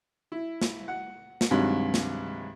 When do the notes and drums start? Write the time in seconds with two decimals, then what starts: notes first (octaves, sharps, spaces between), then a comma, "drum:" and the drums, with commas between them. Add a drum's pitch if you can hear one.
0.32 E4
0.61 drum: snare
0.88 F#5
1.41 drum: snare
1.51 C2 G2 C3 D#3 F#3 G#3
1.94 drum: snare